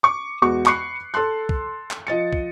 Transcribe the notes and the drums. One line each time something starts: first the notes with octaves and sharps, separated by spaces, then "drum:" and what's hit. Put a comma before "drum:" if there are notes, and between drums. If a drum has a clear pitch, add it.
C#6 D6
E2 G#3 F#4 C#6
B5 C#6 F#6 C7 C#7, drum: clap
A4 A5 C6 F#6
drum: kick
drum: clap
F3 D#5 A6 C#7
drum: kick